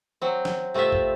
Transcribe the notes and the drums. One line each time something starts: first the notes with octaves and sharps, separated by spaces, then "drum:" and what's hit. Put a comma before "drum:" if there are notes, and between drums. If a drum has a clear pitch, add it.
F#3 C4
drum: snare
C3 A3 C4 F4 E5
drum: kick A1